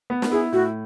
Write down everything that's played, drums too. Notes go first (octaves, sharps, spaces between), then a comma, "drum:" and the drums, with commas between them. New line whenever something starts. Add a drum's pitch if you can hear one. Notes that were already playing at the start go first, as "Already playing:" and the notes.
B3
drum: snare
E4 G#4
A2 F#4